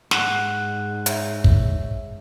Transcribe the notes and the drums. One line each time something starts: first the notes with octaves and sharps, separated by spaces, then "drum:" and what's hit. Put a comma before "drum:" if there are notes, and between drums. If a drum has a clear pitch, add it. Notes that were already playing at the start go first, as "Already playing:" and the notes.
G#2 F#5 F#6, drum: snare
C#5 E5, drum: hi-hat
drum: kick